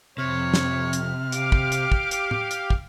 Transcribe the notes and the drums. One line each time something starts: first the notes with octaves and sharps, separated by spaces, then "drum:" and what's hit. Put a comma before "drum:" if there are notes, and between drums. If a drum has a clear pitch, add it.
F2 C3 C#5 F6
drum: snare
drum: hi-hat
G4 F5 D6, drum: hi-hat
drum: kick
drum: hi-hat
drum: kick
drum: hi-hat
drum: tom
drum: hi-hat
drum: kick